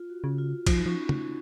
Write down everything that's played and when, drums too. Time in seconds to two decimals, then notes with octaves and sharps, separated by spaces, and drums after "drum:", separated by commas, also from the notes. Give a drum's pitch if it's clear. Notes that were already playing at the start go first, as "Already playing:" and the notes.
Already playing: F4
0.10 F#4
0.24 C#3
0.38 F4
0.67 F3 D#4, drum: kick B1, cymbal
0.80 D#4
0.86 F3 C#4
1.09 drum: tom